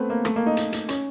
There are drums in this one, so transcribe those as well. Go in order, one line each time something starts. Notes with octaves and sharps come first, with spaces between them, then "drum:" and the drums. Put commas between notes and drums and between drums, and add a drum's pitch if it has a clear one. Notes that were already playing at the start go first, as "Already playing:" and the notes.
Already playing: A3 B3 C4
A#3
A3, drum: rim click
A#3
D#4
drum: hi-hat
drum: hi-hat
C#4, drum: hi-hat